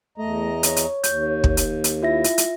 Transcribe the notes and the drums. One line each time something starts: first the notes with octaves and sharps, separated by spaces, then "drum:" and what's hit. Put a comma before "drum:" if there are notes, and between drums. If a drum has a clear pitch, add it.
E2 A3 D#5 A#5
C#5, drum: hi-hat
drum: hi-hat
D#2 G6, drum: hi-hat
drum: kick
drum: hi-hat
drum: hi-hat
E4 F4 E5 A#6
drum: hi-hat
drum: hi-hat